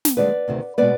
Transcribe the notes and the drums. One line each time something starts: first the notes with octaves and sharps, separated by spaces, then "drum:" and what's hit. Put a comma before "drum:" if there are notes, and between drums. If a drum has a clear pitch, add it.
drum: snare
D#2 D3 G#3 B4 D5
D2 C3 D#3
B2 G#3 B3 B4 D5